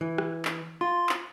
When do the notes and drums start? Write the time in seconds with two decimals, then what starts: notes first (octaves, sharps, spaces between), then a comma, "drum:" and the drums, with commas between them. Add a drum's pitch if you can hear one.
0.01 E3
0.18 drum: rim click
0.45 drum: clap
0.81 F4 C6
1.09 drum: clap